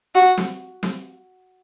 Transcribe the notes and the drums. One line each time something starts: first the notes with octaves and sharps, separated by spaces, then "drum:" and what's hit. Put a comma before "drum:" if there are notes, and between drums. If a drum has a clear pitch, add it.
F#4
drum: snare
drum: snare